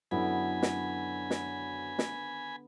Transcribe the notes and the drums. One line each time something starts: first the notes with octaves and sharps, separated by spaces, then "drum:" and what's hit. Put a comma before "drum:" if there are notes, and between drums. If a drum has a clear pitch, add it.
F#2 D3 B3 E4 G#5 B5
drum: snare
drum: snare
drum: snare